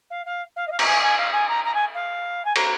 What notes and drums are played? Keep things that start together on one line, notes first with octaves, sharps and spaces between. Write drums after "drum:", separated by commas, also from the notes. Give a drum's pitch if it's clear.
F5
F5
F5
D#5
F5
A#5, drum: cymbal
G#5
G#5
F5
G#5
A#5
A#5
G#5
F5
G#5
A#5, drum: cymbal